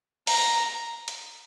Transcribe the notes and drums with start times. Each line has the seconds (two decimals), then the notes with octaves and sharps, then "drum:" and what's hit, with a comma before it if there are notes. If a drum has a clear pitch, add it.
0.27 A#5, drum: open hi-hat
1.08 drum: hi-hat